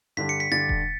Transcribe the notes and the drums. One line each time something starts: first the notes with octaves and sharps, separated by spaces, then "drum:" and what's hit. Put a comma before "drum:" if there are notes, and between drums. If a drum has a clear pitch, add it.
G2 D3 G3 D4 B6
C#7
B6
G2 D3 G3 D4 A6
drum: kick D#1